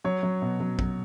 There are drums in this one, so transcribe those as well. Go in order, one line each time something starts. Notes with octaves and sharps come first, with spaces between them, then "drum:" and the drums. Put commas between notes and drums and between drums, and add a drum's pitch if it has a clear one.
F#3 C#5
F#3
B2
F#3
F#3, drum: kick